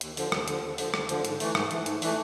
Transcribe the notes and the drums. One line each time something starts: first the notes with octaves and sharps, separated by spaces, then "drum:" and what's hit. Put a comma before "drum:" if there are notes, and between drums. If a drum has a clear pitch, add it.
D#2, drum: hi-hat
D3 F3, drum: open hi-hat
D#2, drum: rim click
D3 F3, drum: hi-hat
D#2
D3 F3, drum: open hi-hat
D#2, drum: rim click
D3 F3, drum: hi-hat
G#2, drum: hi-hat
E3 A3, drum: open hi-hat
G#2, drum: rim click
E3 A3, drum: hi-hat
G#2, drum: hi-hat
E3 A3, drum: open hi-hat